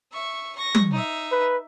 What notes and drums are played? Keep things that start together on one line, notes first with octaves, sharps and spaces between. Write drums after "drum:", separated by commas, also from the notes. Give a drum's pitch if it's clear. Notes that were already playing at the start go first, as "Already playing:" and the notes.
E5 C#6
C#6 A#6
drum: tom
D#4 E5
B4